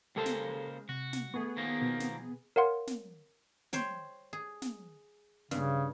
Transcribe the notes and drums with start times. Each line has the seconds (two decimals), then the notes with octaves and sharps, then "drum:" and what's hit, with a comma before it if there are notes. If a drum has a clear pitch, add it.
0.16 C#3 G#3 A#3 G4 A4 C5
0.26 drum: snare
0.89 C3 F#4
1.13 drum: snare
1.34 A3 B3 G#4 C#6
1.57 D#3 F3 A#3
1.82 B2
2.00 drum: snare
2.56 A#4 C#5 F5 F#5 C6
2.87 drum: snare
3.73 C5 C#5 G5, drum: snare
4.33 G#4
4.62 drum: snare
5.51 G2 C#3, drum: snare